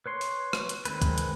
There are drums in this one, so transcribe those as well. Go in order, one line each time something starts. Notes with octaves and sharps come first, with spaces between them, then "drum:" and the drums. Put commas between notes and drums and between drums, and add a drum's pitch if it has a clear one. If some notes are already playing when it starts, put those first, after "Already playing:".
B4 C#5 C6
drum: open hi-hat
drum: rim click
drum: hi-hat
D#3 G#3 C4 B4, drum: hi-hat
drum: kick, hi-hat
drum: hi-hat